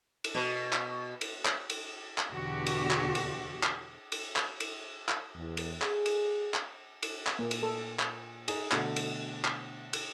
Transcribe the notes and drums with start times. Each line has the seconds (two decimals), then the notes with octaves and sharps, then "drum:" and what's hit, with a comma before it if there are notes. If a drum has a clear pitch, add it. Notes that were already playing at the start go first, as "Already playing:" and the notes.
0.24 drum: cymbal
0.35 B2
0.73 drum: clap
1.21 drum: cymbal
1.45 drum: clap
1.70 drum: cymbal
2.18 drum: clap
2.31 E2 B2 D3 F#4 G4
2.66 drum: cymbal
2.91 drum: clap
3.15 drum: cymbal
3.63 drum: clap
4.12 drum: cymbal
4.36 drum: clap
4.60 drum: cymbal
5.09 drum: clap
5.36 E2
5.57 drum: cymbal
5.82 G#4, drum: clap
6.06 drum: cymbal
6.54 drum: clap
7.03 drum: cymbal
7.27 drum: clap
7.39 A#2 A#3
7.51 drum: cymbal
7.63 A4
7.99 drum: clap
8.48 D#4 G#4, drum: cymbal
8.72 B2 D3 A3 A#5, drum: clap
8.96 drum: cymbal
9.45 drum: clap
9.93 drum: cymbal